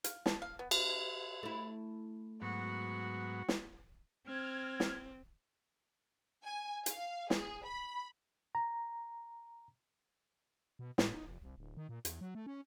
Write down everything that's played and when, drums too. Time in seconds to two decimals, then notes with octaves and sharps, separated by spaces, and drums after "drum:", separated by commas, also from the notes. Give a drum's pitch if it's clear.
0.04 F5, drum: hi-hat
0.26 A5, drum: snare
0.42 F5
0.59 B3
0.71 D4, drum: cymbal
1.43 A3 E4
2.42 G#2 F#3 B3 F#4
3.48 drum: snare
4.27 C4 F6 G#6
4.80 drum: snare
6.44 G#5
6.86 F5, drum: hi-hat
7.30 G#4, drum: snare
7.64 B5
8.55 A#5
10.79 B2
10.98 A2, drum: snare
11.14 D#4
11.27 F1
11.42 C2
11.58 D1
11.77 D#3
11.89 A#2
12.05 E2, drum: hi-hat
12.21 F#3
12.35 A3
12.46 C#4